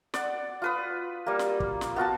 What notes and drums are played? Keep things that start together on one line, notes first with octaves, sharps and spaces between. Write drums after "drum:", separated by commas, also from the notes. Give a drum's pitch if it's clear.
D5 F#5, drum: snare
F4 B4 D#6
G3 A#3
drum: snare
drum: kick
drum: snare
B3 F4 F#4 A5